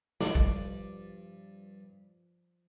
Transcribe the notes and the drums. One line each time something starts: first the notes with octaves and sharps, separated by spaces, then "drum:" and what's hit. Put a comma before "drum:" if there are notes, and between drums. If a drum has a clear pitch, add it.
G2 F3 D5, drum: snare
drum: kick